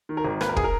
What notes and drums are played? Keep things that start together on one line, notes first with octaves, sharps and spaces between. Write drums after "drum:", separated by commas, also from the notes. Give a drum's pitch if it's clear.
D#3
A#4
G#1
A#3 B4, drum: rim click
A#4
G#4, drum: kick
A#4